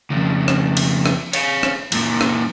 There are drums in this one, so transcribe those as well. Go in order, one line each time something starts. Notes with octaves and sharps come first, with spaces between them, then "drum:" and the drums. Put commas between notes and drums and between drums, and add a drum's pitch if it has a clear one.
F2 C#3
drum: rim click
drum: cymbal
drum: rim click
C#5 F5, drum: cymbal
drum: rim click
F#2 A#2, drum: cymbal
drum: rim click